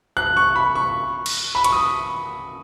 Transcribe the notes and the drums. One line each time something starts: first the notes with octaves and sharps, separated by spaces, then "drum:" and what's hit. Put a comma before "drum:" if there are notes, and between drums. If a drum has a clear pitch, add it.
F#6
C#6
B5
C#6
drum: cymbal
B5
C#6, drum: hi-hat
D#6